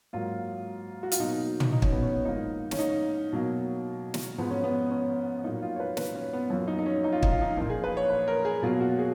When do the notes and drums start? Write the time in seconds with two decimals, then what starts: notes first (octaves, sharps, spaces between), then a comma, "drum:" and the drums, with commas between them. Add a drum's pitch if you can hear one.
0.13 G#2 F#3 A#3 F4
1.03 F#4
1.12 F4, drum: hi-hat
1.19 B2 F#3 A#3 D#4
1.60 drum: tom
1.72 D#4
1.82 C#4, drum: kick
1.92 B3
2.02 C#4
2.25 G#2 F3 A#3 D#4
2.71 C#4, drum: snare
2.79 D#4
3.32 B2 F#3 A#3
4.14 drum: snare
4.38 G#2 F3 G#3 B3
4.51 C#4
4.64 B3
4.91 C#4
5.44 A#2 F#3 A#3 D#4
5.62 F4
5.76 C#5
5.80 B4
5.97 B4, drum: snare
6.15 C#4
6.33 B3
6.50 F#2 F3 A#3 C#4
6.68 D#4
6.79 D#4
6.86 C#4
7.04 D#4
7.12 F4
7.23 D#4, drum: kick
7.32 F4
7.41 D#4
7.57 A#2 F3 A#3
7.70 G#4
7.84 B4
7.97 C#5
8.10 B4
8.28 A#4
8.45 G#4
8.63 B2 F#3 A#3 F4
8.81 F#4
8.99 G#4